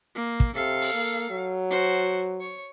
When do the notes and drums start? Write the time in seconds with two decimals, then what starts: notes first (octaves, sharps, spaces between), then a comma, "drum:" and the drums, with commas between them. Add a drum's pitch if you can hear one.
0.15 A#3
0.40 drum: kick
0.55 C3 A4 F5
0.82 drum: open hi-hat
0.94 A#3
1.30 F#3
1.71 F#4 C5
2.41 C#5